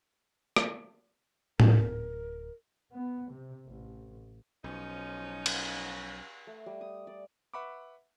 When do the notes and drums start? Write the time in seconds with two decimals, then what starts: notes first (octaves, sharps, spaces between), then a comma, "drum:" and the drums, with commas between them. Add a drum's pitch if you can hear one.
0.56 drum: rim click
1.60 D1 A#4, drum: tom A2
2.92 B3
3.31 C3
3.67 A1
4.64 B1 F3 C#4 D#4
5.46 drum: cymbal
6.47 A3
6.66 G3
6.81 D#6
7.07 D5
7.54 B4 E5 F#5 B5 C#6 D6